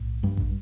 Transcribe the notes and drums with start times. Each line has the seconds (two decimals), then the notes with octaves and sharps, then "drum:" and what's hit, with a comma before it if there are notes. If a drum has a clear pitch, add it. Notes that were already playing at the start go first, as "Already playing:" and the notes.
Already playing: B1 A2
0.23 G2 G3
0.37 drum: kick A1